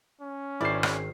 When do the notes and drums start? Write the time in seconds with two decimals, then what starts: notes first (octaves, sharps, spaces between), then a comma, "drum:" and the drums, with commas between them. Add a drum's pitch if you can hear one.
0.21 C#4
0.61 G#1 D#3 E4 C5 D5 C7
0.83 drum: rim click